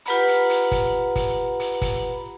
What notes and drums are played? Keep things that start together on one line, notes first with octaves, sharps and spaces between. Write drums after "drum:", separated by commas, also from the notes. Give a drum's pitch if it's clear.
F4 G4 B4 F#5 A#5 B5, drum: hi-hat
drum: hi-hat
drum: hi-hat
drum: kick, hi-hat
drum: kick, hi-hat
drum: hi-hat
drum: kick, hi-hat